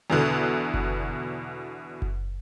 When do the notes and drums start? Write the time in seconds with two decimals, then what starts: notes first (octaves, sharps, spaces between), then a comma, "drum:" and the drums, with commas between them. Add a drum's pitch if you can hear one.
0.10 E2 B2 D3
0.74 drum: kick F#1
2.02 drum: kick F#1